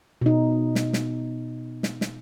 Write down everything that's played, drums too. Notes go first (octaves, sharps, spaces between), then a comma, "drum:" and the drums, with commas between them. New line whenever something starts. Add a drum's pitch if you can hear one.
B2 D#4
drum: snare
drum: snare
drum: snare
drum: snare